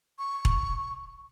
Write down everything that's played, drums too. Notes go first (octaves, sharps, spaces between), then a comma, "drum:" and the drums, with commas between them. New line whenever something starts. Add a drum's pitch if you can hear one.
C#6
drum: kick E1